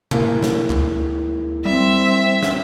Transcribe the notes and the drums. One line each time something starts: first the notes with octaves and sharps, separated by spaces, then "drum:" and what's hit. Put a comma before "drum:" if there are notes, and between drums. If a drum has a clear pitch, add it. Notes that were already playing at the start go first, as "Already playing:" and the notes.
E3 G#3 A#3, drum: tom B2
drum: snare
D2, drum: clap
G3 C4 E5
drum: snare